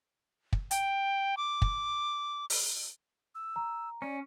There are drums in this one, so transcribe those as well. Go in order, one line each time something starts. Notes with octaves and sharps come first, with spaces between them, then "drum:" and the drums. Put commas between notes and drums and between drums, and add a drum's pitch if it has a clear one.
drum: kick
G5, drum: hi-hat
D6
drum: kick
drum: open hi-hat
E6
A#5
C#4 D5